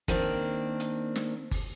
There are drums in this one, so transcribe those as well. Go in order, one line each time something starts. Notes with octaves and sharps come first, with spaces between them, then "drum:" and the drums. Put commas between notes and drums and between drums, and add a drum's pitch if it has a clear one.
D#3 A#3 C4 D4, drum: kick G1, hi-hat
drum: hi-hat
drum: snare
drum: kick G1, open hi-hat